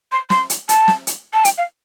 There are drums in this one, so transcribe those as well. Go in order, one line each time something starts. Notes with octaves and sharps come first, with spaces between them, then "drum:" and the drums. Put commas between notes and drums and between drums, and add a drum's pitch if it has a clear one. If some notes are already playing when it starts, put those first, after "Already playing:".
C6
C6, drum: snare
drum: hi-hat
A5, drum: hi-hat
drum: snare
drum: hi-hat
A5
G5, drum: hi-hat
F5